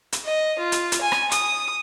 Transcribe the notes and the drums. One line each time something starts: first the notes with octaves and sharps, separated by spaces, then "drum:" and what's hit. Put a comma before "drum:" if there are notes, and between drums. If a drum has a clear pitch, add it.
drum: hi-hat
D#5
F4
drum: hi-hat
drum: hi-hat
G#5
drum: rim click
D#6, drum: hi-hat